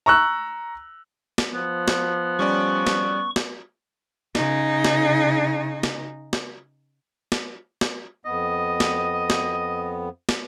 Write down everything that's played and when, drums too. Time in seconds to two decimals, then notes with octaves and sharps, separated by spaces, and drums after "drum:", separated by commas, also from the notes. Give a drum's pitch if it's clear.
0.06 A#5 C#6 E6 F#6
1.38 drum: snare
1.53 F3 B3
1.88 drum: snare
2.39 G3 C#4 D5 C#6
2.87 drum: snare
3.36 drum: snare
4.35 C#3 D#4, drum: snare
4.84 drum: snare
5.83 drum: snare
6.33 drum: snare
7.32 drum: snare
7.81 drum: snare
8.25 F2 B3 D#5
8.80 drum: snare
9.30 drum: snare
10.29 drum: snare